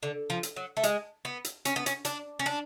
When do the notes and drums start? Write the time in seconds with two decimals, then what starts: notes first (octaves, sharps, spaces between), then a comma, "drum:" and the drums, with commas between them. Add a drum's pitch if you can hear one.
0.03 D3
0.30 F3
0.43 drum: hi-hat
0.56 F#3
0.77 A3
0.84 G#3, drum: hi-hat
1.25 B3
1.44 drum: hi-hat
1.65 C#4, drum: hi-hat
1.76 B3
1.86 C#4, drum: hi-hat
2.05 D4, drum: hi-hat
2.39 C#4
2.46 D4